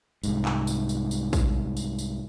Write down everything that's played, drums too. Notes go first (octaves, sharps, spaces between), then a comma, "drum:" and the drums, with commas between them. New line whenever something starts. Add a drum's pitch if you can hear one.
C2 G#2, drum: tambourine
drum: clap
drum: tambourine
drum: tambourine
drum: tambourine
drum: kick, tambourine
drum: tambourine
drum: tambourine